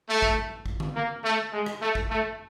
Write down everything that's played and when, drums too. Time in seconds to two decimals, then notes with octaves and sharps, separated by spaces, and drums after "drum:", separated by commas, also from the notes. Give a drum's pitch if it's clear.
0.09 A3
0.22 drum: kick
0.66 drum: kick
0.80 drum: tom D3
0.95 A#3
1.23 A3
1.52 G#3
1.66 drum: rim click
1.81 A3
1.95 drum: kick
2.09 A3